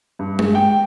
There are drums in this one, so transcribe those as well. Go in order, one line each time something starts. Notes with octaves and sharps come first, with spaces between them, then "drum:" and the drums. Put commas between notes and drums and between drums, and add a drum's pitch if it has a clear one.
G2
G#4, drum: tom G#3
G5